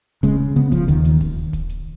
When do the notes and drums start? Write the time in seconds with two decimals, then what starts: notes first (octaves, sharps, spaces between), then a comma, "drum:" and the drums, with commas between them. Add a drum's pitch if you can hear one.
0.23 C#3 G#3, drum: kick D1, hi-hat
0.56 C#3 B3
0.72 F3, drum: kick D1, hi-hat
0.88 D#2 D#3, drum: hi-hat
1.05 drum: hi-hat
1.21 drum: kick D1, open hi-hat
1.53 drum: kick D1, hi-hat
1.69 drum: hi-hat